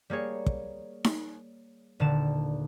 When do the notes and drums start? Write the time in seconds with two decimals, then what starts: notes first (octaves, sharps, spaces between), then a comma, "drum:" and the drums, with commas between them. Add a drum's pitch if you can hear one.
0.10 G3 A#3 G#4 C#5
0.46 drum: kick
1.04 drum: snare D#4
2.00 D#1 D3 A5 E7